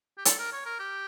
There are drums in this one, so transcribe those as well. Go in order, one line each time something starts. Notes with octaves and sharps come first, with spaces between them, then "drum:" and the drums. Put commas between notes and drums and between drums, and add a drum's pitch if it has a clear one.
G4
A4, drum: hi-hat
A#4
C#5
A#4
G4